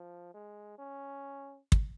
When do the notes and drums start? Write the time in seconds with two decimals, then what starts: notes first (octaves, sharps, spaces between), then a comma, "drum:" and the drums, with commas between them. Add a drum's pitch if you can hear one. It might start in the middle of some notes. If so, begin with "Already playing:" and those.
Already playing: F3
0.34 G#3
0.78 C#4
1.72 drum: kick